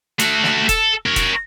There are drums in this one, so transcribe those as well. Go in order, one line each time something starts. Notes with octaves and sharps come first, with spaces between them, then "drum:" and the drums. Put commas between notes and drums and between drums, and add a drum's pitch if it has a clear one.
A3 F#4, drum: hi-hat
drum: snare
A4, drum: kick, hi-hat
A#4 C#5
drum: kick, hi-hat